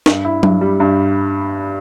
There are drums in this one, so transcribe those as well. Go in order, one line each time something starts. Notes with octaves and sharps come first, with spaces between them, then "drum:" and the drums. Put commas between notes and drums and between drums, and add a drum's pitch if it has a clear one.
G2, drum: snare
E4
G2, drum: tom F#3
G3
G2